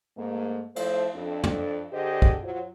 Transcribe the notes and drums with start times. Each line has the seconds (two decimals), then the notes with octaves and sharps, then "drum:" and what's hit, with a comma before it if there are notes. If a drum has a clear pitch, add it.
0.18 G#2 A3 A#3
0.76 F3 A3 E4 C5, drum: cymbal
1.15 F2 D4 A4
1.44 drum: tom
1.92 D3 G4 G#4 C5 D5 D#5
2.22 drum: kick
2.43 F#3 F4 C5